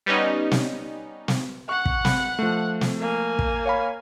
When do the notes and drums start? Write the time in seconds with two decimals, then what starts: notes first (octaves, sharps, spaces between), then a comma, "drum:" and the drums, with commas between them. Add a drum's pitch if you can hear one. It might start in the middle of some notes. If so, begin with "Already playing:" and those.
0.06 G3 B3 C#4 D#4
0.51 drum: snare
1.28 drum: snare
1.69 F#5 C#6 F#6
1.86 drum: kick
2.05 B5, drum: snare
2.39 F3 A3
2.81 drum: snare
3.01 A#3 G#5
3.39 drum: kick
3.65 C#5 F5 B5